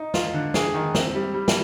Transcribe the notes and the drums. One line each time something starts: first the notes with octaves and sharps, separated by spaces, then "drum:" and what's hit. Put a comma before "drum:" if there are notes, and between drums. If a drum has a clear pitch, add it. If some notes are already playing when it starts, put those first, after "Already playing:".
Already playing: D#4
F4, drum: snare
D3
G#4, drum: snare
D#3
C4, drum: snare
G3
G3
drum: snare